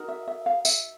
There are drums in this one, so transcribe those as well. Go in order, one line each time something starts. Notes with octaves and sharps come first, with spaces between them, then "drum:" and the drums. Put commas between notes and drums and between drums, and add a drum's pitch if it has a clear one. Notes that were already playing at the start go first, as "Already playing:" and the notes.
Already playing: D#4 F#4 A#4
E5
E5
F5
E5, drum: tambourine